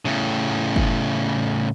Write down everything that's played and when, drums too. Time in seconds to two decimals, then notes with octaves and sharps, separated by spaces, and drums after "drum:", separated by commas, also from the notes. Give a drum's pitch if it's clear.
0.05 A2 C#3
0.76 drum: kick F#1